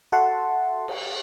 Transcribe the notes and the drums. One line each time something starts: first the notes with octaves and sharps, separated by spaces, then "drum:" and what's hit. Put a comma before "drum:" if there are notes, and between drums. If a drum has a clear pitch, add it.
F#4 A4 E5 F#5 A5 C6
drum: cymbal